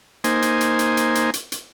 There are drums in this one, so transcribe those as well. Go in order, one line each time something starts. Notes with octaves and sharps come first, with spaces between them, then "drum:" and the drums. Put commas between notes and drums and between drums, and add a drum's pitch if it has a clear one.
A#3 D#4 C5 G#5, drum: hi-hat
drum: hi-hat
drum: hi-hat
drum: hi-hat
drum: hi-hat
drum: hi-hat
drum: hi-hat
drum: hi-hat